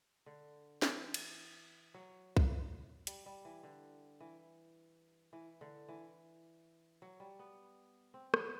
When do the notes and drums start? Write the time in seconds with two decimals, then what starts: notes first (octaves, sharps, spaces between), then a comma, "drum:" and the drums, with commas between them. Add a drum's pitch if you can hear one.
0.26 D3
0.82 E3, drum: snare
1.14 drum: cymbal
1.94 F#3
2.37 drum: kick B1
3.07 G3, drum: hi-hat
3.26 G3
3.45 E3
3.63 D3
4.20 E3
5.33 E3
5.61 D3
5.89 E3
7.02 F#3
7.20 G3
7.39 B3
8.14 C4
8.34 B3, drum: rim click